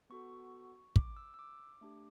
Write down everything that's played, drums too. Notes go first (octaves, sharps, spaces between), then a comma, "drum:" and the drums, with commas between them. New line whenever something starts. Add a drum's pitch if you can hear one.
B3 F#4 A4 C#6
D6, drum: kick
E6
E6
D6
A3 D4 G4